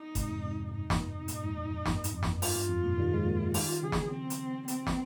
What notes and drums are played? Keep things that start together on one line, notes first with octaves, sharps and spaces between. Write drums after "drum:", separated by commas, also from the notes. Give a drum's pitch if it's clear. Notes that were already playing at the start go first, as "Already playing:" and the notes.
Already playing: D#4
G#2 C3, drum: kick F#1, hi-hat
F2 G#2
G#2 C3
F2
G2 D#4
F2 G#2, drum: snare
C3
G2 A#2, drum: hi-hat
F2 G#2
F2 G#2
F2
G2, drum: snare
drum: hi-hat
F2
drum: snare
G2 F4, drum: open hi-hat
G2
F2
G2 A#2
D#3 G3
F3 G#3
G3 A#3
F3 G#3
D#3 G3 F4, drum: open hi-hat
C#3 F3 G#4
drum: snare
C4
drum: hi-hat
C4, drum: hi-hat
drum: snare